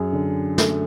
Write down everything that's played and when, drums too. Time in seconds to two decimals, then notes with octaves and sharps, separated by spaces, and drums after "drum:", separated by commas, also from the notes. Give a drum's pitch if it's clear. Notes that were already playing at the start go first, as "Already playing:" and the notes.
Already playing: F#2 G#4
0.13 D3
0.58 A3, drum: snare